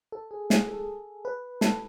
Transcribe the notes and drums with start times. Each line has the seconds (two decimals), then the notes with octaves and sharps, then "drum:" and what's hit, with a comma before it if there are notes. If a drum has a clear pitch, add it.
0.12 A4
0.31 G#4
0.50 G#4, drum: snare
0.69 A4
1.25 B4
1.61 A4, drum: snare